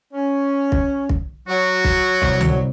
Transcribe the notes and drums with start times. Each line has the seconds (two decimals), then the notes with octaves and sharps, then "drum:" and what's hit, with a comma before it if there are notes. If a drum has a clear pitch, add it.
0.14 C#4
0.72 drum: kick
1.09 drum: kick
1.48 F#3 F#4
1.84 drum: kick
2.22 C2, drum: kick
2.41 drum: tom C#2